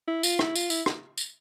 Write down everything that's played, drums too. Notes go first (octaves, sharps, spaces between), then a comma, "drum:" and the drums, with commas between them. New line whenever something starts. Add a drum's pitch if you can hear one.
E4
F4, drum: tambourine
E4, drum: rim click
F4, drum: tambourine
E4, drum: tambourine
drum: rim click
drum: tambourine